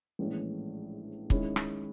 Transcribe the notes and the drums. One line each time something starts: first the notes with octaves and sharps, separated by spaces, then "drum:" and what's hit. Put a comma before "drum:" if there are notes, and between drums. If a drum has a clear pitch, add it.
A#1 A2 E3 G#3 C#4
D#3 G#3 C#4 E4, drum: kick
drum: rim click